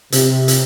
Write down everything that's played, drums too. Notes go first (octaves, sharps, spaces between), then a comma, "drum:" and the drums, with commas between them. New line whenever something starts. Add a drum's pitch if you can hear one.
C3, drum: hi-hat
drum: hi-hat